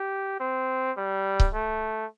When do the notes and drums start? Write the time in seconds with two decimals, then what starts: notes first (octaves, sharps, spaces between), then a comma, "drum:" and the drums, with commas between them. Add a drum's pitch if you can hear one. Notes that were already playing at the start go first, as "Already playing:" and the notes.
Already playing: G4
0.40 C4
0.97 G3
1.40 drum: kick C#1
1.54 A3